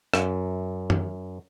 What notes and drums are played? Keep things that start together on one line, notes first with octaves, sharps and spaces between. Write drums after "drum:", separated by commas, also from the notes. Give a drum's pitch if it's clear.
F#2, drum: rim click
drum: tom F#2